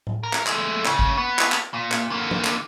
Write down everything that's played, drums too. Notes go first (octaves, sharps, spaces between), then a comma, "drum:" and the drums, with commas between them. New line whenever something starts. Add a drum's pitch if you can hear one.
drum: tom A2
A#4
drum: clap
G#3 A3, drum: clap
A2 C#3, drum: clap
drum: kick
B3
drum: clap
drum: clap
A#2
drum: clap
D3 A#3
drum: tom
drum: clap